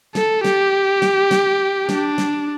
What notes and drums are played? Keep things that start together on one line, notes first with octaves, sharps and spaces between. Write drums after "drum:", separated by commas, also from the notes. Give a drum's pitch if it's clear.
A4, drum: snare
G4, drum: snare
drum: snare
drum: snare
D4, drum: snare
drum: snare